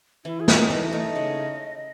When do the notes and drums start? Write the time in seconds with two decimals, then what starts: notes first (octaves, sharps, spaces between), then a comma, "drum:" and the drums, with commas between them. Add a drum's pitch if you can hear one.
0.25 E3 E4
0.40 G#4
0.48 A3 D#4, drum: snare
0.55 B4
0.70 E3 D#5
0.93 A3 D#4
1.16 C#3